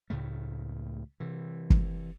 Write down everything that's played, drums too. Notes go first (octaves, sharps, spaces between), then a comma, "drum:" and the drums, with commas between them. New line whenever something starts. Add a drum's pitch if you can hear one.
C#2 A2 C#3 A3
C3 E3
drum: kick